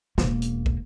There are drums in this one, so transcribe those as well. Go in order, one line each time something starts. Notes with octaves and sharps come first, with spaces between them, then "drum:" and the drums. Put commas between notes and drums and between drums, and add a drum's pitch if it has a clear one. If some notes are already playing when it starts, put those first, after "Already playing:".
E1 A#3, drum: snare
drum: hi-hat
drum: kick